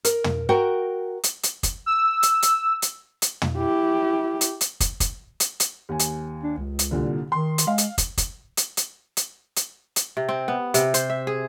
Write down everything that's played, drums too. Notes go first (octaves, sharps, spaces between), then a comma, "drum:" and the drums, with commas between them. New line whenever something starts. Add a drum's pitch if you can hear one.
A#4, drum: hi-hat
drum: tom
F#4 A#4 G5
drum: hi-hat
drum: hi-hat
drum: kick, hi-hat
E6
drum: hi-hat
drum: hi-hat
drum: hi-hat
drum: hi-hat
drum: tom
E4 G4
drum: hi-hat
drum: hi-hat
drum: kick, hi-hat
drum: kick, hi-hat
drum: hi-hat
drum: hi-hat
D#2 G#5
drum: hi-hat
D4
C#2
drum: hi-hat
C2 A#2 D3
D#3 C6
drum: hi-hat
G#3 F5
drum: hi-hat
drum: kick, hi-hat
drum: kick, hi-hat
drum: hi-hat
drum: hi-hat
drum: hi-hat
drum: hi-hat
drum: hi-hat
C3
C4
B3
C3, drum: hi-hat
C5, drum: hi-hat
E5
G#4